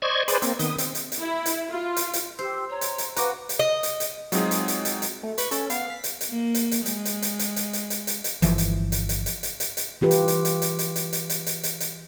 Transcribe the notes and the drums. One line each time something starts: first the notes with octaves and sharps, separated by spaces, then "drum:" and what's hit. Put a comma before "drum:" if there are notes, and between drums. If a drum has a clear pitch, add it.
C5 D5 D#5 C#6 G#6
G#4 B4 C5 D5, drum: hi-hat
A#3 C4, drum: hi-hat
D#3 B3 D#6, drum: hi-hat
C4, drum: hi-hat
drum: hi-hat
drum: hi-hat
E4
drum: hi-hat
F4
drum: hi-hat
drum: hi-hat
G4 C5 C6 E6
C#5 A#5 C6
drum: hi-hat
drum: hi-hat
F#4 B4 F5 F#5 A#5 B5 D6, drum: hi-hat
drum: hi-hat
D#5
drum: hi-hat
drum: hi-hat
F#3 G#3 C4 D#4 F4 G#4, drum: hi-hat
drum: hi-hat
drum: hi-hat
drum: hi-hat
drum: hi-hat
A3
B4 C#6, drum: hi-hat
C#4 A4, drum: hi-hat
B3 F5, drum: hi-hat
B6
drum: hi-hat
drum: hi-hat
A#3
drum: hi-hat
drum: hi-hat
G#3, drum: hi-hat
drum: hi-hat
drum: hi-hat
drum: hi-hat
drum: hi-hat
drum: hi-hat
drum: hi-hat
drum: hi-hat
drum: hi-hat
G1 C#2 E3 F3, drum: hi-hat
drum: hi-hat
drum: hi-hat
drum: hi-hat
drum: hi-hat
drum: hi-hat
drum: hi-hat
drum: hi-hat
E3 F4 G4 B4
drum: hi-hat
drum: hi-hat
drum: hi-hat
drum: hi-hat
drum: hi-hat
drum: hi-hat
drum: hi-hat
drum: hi-hat
drum: hi-hat
drum: hi-hat
drum: hi-hat